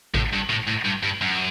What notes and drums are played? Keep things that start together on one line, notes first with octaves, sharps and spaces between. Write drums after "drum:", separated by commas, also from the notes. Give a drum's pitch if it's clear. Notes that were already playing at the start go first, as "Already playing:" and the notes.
A2, drum: kick A1
G2
A2
A2
G2
G2
F#2